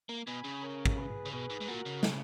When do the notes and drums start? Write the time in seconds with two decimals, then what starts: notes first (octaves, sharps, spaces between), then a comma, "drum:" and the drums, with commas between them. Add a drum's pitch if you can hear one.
0.09 A#3
0.27 B2 G#5 B5
0.44 C#3
0.62 A#4 C#5
0.86 drum: kick
0.97 G#4 B4
1.26 C#3
1.32 B2 G#4 B4
1.50 G#2
1.60 G#2
1.67 A#2 F#4 A#4
1.85 C#3
2.03 drum: snare